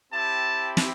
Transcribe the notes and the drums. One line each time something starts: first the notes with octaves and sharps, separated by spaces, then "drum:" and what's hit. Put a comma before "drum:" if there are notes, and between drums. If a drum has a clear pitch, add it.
C4 E4 G4 A5
drum: snare